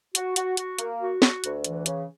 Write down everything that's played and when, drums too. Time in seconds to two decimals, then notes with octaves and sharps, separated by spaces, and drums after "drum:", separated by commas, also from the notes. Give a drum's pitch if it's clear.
0.15 F#4, drum: hi-hat
0.36 F#4, drum: hi-hat
0.57 F#4, drum: hi-hat
0.78 A#3, drum: hi-hat
1.00 F#4
1.22 F#4, drum: snare
1.44 D2, drum: hi-hat
1.64 E3, drum: hi-hat
1.86 C#3, drum: hi-hat